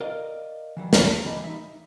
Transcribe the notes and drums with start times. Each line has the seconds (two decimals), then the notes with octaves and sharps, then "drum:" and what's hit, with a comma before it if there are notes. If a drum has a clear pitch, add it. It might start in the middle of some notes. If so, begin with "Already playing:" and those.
0.01 A#4 D5 D#5 F5
0.77 E3 F#3 G3
0.93 D3 A#3 C#4, drum: snare
1.24 E3 A#3 G4 D#5 B5
1.44 D#4 E5